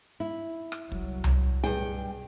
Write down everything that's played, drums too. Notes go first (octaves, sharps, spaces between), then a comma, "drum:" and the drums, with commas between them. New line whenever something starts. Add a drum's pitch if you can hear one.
E4
drum: rim click
C2 F#3, drum: kick
drum: tom C2
G2 B2 G#4 G5